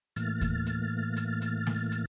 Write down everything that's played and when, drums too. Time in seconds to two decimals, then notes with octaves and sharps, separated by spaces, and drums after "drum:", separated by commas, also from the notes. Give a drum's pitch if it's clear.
0.16 A2 E3 A3 A#3 F6 A6, drum: hi-hat
0.41 drum: kick D#2, hi-hat
0.66 drum: hi-hat
1.16 drum: hi-hat
1.42 drum: hi-hat
1.67 drum: snare
1.92 drum: hi-hat